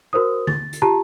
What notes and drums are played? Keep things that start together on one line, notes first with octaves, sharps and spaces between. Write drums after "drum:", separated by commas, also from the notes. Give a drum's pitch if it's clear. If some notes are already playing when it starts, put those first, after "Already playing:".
F#4 A#4 C5 D#6
A6, drum: tom D3
drum: hi-hat
F4 G4 A5 A#5